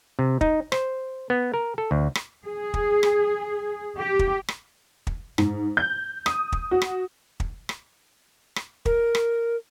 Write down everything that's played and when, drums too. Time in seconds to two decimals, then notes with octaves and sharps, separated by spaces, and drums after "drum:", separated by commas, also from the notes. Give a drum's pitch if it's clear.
0.19 C3
0.41 D#4, drum: kick
0.72 C5, drum: rim click
1.30 B3
1.54 A#4
1.78 A4
1.91 D2
2.15 drum: rim click
2.46 G#4
2.74 drum: kick
3.03 drum: rim click
3.98 G4
4.19 drum: kick
4.48 drum: rim click
5.07 drum: kick
5.38 G#2, drum: rim click
5.77 G6
6.26 D#6, drum: rim click
6.52 drum: kick
6.71 F#4
6.82 drum: rim click
7.40 drum: kick
7.69 drum: rim click
8.56 drum: rim click
8.85 A#4, drum: kick
9.15 drum: rim click